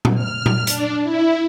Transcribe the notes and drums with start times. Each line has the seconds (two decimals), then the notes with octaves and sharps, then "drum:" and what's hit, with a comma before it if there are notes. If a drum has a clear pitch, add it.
0.05 drum: tom A#2
0.15 F6
0.46 drum: tom A#2
0.67 D4, drum: hi-hat
1.04 E4